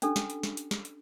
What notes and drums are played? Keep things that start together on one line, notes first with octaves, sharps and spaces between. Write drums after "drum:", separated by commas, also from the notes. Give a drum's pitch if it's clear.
C#4 D4 G4 A4, drum: hi-hat
drum: snare
drum: hi-hat
drum: snare
drum: hi-hat
drum: snare
drum: hi-hat